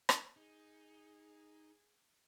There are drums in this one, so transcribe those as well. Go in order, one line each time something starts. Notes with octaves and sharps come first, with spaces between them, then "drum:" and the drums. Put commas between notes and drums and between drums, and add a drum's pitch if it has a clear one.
drum: rim click
D#4 G#4